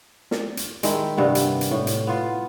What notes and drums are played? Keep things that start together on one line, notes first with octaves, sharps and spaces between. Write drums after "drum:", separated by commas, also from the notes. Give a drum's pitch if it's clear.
drum: snare
drum: hi-hat
D#3 G#3 E4, drum: hi-hat
G2 C3 B3
drum: hi-hat
drum: hi-hat
A2
drum: hi-hat
B3 F4